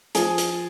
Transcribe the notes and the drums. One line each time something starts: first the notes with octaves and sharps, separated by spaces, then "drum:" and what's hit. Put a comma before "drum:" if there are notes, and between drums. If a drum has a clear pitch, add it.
F3 G#4, drum: hi-hat
drum: hi-hat